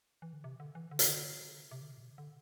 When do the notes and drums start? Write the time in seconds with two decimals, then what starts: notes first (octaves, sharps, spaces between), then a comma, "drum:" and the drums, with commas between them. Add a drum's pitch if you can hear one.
0.22 E3
0.33 D3
0.44 C3
0.60 D3
0.75 E3
0.91 D3
0.99 C3, drum: hi-hat
1.06 D3
1.71 C3
1.82 D3
1.91 C3
1.97 A2
2.03 B2
2.18 D3